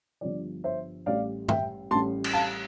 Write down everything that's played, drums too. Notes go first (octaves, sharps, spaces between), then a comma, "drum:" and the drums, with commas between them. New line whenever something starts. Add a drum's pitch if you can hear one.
G1 G2 F3 D5
C5 E5
A1 A2 G3 D5 F5
E5 G5, drum: tom
A1 A2 G3 A5 C6
drum: cymbal
F5 A5